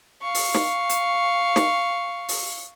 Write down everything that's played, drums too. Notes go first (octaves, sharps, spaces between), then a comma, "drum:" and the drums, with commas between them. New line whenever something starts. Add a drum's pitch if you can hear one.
F5 C#6
drum: open hi-hat
drum: snare
drum: hi-hat
drum: snare
drum: open hi-hat